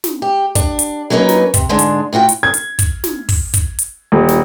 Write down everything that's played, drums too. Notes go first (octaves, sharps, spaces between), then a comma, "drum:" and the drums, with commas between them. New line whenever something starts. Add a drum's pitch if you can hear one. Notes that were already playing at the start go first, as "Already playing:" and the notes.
drum: snare
G4
D4, drum: kick, hi-hat
drum: hi-hat
F#3 A#3 C#4 D#4 A#4 B4
drum: snare
C3, drum: kick, hi-hat
G#2 D3 G#3 D4
drum: hi-hat
A2 F4 F#4 G5
drum: hi-hat
G#6
drum: hi-hat
drum: kick, hi-hat
drum: snare
drum: kick, open hi-hat
drum: kick, hi-hat
drum: hi-hat
D#1
drum: snare